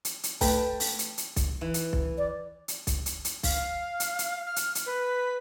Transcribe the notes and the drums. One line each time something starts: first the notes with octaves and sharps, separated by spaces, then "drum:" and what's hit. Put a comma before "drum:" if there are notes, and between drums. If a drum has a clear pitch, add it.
drum: hi-hat
drum: hi-hat
A3 B4 G5 A5, drum: kick B1, open hi-hat
drum: open hi-hat
drum: hi-hat
drum: hi-hat
drum: kick B1, hi-hat
E3
drum: hi-hat
drum: kick B1
D5
drum: hi-hat
drum: kick B1, hi-hat
drum: hi-hat
drum: hi-hat
F5, drum: kick B1, open hi-hat
drum: hi-hat
drum: hi-hat
F6
drum: hi-hat
drum: hi-hat
B4